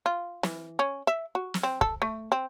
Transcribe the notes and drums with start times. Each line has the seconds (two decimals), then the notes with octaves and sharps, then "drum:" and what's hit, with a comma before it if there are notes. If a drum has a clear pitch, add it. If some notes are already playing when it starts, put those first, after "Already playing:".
0.06 F4
0.43 E3, drum: snare
0.79 C#4
1.07 E5
1.35 F#4
1.54 drum: snare
1.63 C4
1.81 A4, drum: kick
2.02 A3
2.32 C4